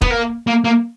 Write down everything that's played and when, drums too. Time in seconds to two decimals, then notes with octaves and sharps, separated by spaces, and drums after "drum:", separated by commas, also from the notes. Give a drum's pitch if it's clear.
0.01 B3, drum: kick
0.10 A#3
0.47 A#3
0.64 A#3